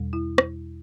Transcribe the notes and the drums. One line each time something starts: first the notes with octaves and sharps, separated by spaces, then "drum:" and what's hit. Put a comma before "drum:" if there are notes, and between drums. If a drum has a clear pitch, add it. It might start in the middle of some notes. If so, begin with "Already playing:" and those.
Already playing: E2 B2 G3
E4
drum: rim click